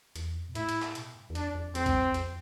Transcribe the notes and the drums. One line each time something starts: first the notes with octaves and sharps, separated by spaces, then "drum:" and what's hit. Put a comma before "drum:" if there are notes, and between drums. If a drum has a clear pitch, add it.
E2, drum: hi-hat
F2
B2
A2 E4, drum: hi-hat
drum: hi-hat
drum: clap
B2, drum: hi-hat
G2
E2
F2 D4, drum: hi-hat
F2
F2 C4, drum: hi-hat
G2, drum: kick A#1, hi-hat
F2
F2, drum: hi-hat